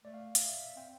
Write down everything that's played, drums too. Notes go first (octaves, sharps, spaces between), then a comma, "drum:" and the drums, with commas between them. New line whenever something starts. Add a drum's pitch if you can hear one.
A3 D5
F5
F5, drum: hi-hat
E5
E5
E5
C4 G5